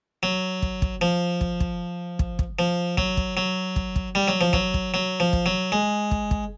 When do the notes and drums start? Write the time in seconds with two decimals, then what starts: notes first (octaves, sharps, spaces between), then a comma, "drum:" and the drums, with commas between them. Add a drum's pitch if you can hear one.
0.23 F#3
0.62 drum: kick
0.82 drum: kick
1.01 F3
1.41 drum: kick
1.60 drum: kick
2.19 drum: kick
2.39 drum: kick
2.59 F3
2.98 F#3, drum: kick
3.17 drum: kick
3.37 F#3
3.76 drum: kick
3.96 drum: kick
4.15 G3
4.28 F#3
4.41 F3
4.53 F#3, drum: kick
4.74 drum: kick
4.94 F#3
5.20 F3
5.33 drum: kick
5.46 F#3
5.72 G#3
6.11 drum: kick
6.31 drum: kick